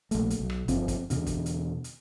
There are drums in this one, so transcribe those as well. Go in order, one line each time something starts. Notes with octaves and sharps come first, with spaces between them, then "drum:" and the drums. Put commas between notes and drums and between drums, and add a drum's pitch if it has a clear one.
A#1 A3, drum: hi-hat
drum: hi-hat
B1
drum: rim click
G1 F3 C4, drum: kick, hi-hat
drum: kick, hi-hat
E2 B2 D3, drum: hi-hat
drum: kick, hi-hat
drum: hi-hat
drum: hi-hat